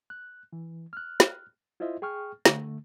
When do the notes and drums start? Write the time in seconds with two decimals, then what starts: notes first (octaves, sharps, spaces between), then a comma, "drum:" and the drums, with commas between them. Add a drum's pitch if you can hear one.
0.10 F#6
0.53 E3
0.93 F6 F#6
1.20 drum: snare
1.80 E4 F4 C5 D#5 E5
2.02 G#4 G5 C#6 F6
2.45 D3 A3, drum: snare